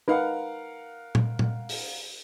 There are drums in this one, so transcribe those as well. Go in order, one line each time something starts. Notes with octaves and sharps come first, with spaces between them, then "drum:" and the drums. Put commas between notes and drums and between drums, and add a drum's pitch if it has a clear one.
D#4 A#4 B4 F5 F#5
drum: tom A#2
drum: tom A#2
drum: open hi-hat